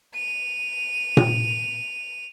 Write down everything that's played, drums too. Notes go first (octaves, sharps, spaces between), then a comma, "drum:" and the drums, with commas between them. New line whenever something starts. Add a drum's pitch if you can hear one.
D#7 F7
drum: tom A#2